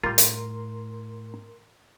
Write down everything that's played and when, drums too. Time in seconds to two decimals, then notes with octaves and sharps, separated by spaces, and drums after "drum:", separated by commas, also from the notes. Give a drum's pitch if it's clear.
0.04 A2 G3 F4 A#4 A#5 C6
0.18 drum: hi-hat